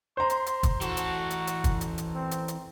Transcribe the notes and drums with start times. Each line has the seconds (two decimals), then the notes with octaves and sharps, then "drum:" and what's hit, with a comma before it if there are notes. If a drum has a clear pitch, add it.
0.17 C5 A#5 C6
0.30 drum: hi-hat
0.46 drum: hi-hat
0.63 drum: kick, hi-hat
0.81 E3 F#4 A4, drum: hi-hat
0.97 drum: hi-hat
1.30 drum: hi-hat
1.47 drum: hi-hat
1.64 drum: kick, hi-hat
1.81 drum: hi-hat
1.98 drum: hi-hat
2.15 C4
2.31 drum: hi-hat
2.48 drum: hi-hat